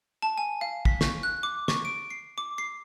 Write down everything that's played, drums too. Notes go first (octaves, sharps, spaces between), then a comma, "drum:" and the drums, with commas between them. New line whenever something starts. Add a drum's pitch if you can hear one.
A5
G#5
F5
B6, drum: kick
C#6, drum: snare
F#6
D6
C#6, drum: snare
D7
C7
D6
C7